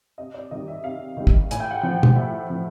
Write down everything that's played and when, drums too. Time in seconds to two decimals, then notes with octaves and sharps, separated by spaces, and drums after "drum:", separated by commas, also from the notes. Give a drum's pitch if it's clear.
0.18 C3 D#5
0.34 D5
0.51 D#3 G3 D#5
0.68 E5
0.84 C3 F5
1.17 D#3 G3
1.27 drum: kick
1.51 A2 G#5, drum: hi-hat
1.60 G5
1.71 F#5
1.81 F3 G5
2.03 drum: tom
2.16 A2 E5
2.50 F3